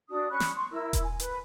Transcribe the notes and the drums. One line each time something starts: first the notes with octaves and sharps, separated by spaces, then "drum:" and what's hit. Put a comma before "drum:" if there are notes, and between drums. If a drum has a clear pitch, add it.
D4 F#4 D#6
C#4 B5 C#6 F#6
drum: snare
C6 C#6
E4 A#4 E6
drum: kick E1, hi-hat
G#5
B4, drum: hi-hat